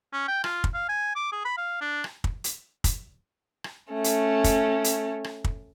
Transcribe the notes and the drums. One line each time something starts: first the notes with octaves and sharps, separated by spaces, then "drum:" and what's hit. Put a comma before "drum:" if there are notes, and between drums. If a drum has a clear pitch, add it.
C#4
G5
F4, drum: rim click
drum: kick
F5
G#5
D6
G#4
B5
F5
D4
drum: rim click
drum: kick
drum: hi-hat
drum: kick, hi-hat
drum: rim click
A3 C#4
drum: hi-hat
drum: kick, hi-hat
drum: hi-hat
drum: rim click
drum: kick